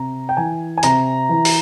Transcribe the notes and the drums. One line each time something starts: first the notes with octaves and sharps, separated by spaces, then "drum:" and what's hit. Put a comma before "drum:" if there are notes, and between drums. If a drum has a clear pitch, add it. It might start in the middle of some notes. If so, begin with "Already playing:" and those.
Already playing: C3 A#5
G5
E3 G#5
G#5
C3 A#5, drum: hi-hat
E3
drum: open hi-hat